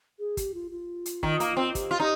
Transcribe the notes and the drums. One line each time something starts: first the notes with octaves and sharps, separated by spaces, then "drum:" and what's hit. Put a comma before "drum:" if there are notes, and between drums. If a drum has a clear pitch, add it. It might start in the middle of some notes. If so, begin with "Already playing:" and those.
G#4
G4, drum: kick, hi-hat
F4
F4
drum: hi-hat
D#3, drum: kick
A#3, drum: hi-hat
C4
G4, drum: kick, hi-hat
F4
D#4 G4